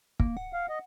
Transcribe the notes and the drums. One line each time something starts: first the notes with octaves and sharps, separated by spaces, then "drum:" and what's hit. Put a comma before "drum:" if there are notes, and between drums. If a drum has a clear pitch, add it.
A#3, drum: kick
F#5
F5
D#5